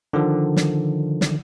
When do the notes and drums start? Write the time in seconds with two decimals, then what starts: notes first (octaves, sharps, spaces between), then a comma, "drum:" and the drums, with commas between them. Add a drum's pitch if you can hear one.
0.13 D3 D#3 F3
0.56 drum: snare
1.21 drum: snare